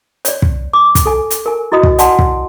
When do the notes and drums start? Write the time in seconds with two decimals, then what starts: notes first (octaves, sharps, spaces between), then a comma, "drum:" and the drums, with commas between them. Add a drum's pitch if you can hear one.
0.25 C#5 D5, drum: hi-hat
0.42 drum: kick
0.73 D6
0.95 drum: kick, hi-hat
1.06 A4 G#5
1.30 drum: hi-hat
1.46 A#4 G#5
1.72 E4 F#4 D#5 D#6
1.83 drum: kick
1.99 D5 F#5 G#5 A5 C6, drum: hi-hat
2.19 drum: kick